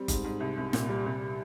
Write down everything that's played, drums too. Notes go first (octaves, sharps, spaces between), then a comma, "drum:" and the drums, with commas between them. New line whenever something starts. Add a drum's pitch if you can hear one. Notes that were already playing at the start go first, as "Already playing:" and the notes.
Already playing: G3 C4
G#2, drum: kick F#1, hi-hat
G#2
C2
C2
A#2, drum: snare
G3
C2